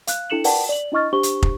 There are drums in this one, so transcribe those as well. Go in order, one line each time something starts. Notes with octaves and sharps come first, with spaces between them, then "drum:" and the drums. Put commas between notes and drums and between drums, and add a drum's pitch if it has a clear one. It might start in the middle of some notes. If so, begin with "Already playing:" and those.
F5 F#6, drum: hi-hat
D4 E4 A4 C#7 E7 F#7
A#4 B4 D5 F#5 G5 A5, drum: open hi-hat
D5 F#7
D4 E4 D#5 C#6 F6 A6
D4 G4 C5 C#6 G7
drum: hi-hat
drum: kick